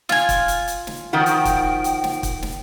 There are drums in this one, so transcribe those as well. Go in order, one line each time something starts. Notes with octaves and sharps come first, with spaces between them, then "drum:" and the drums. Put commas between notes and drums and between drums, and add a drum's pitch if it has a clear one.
F4 G#5, drum: snare
drum: kick, hi-hat
drum: hi-hat
drum: hi-hat
drum: snare
D#3 F3 F#4 G5
drum: hi-hat
drum: kick, hi-hat
drum: hi-hat
drum: snare
drum: kick, hi-hat
drum: snare